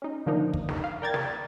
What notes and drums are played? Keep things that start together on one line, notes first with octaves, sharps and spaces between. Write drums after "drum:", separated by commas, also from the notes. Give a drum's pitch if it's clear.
C#4 D#4
D3 D#3 F3 A#3 D4 D#4
drum: kick
drum: snare
F5
A#4 D5 G5 A#5 G#6 A6
drum: snare